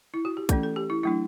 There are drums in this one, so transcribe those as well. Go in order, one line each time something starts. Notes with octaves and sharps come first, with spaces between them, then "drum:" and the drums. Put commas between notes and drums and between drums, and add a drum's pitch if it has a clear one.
E4
F#4
G4
E3 A3 C#4 A4, drum: kick, hi-hat
A4
G4
E4
F#3 A3 D4 E4